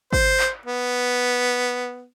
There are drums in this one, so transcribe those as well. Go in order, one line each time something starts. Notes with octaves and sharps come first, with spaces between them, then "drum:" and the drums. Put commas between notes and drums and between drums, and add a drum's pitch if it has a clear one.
C5, drum: kick G#1
drum: clap
B3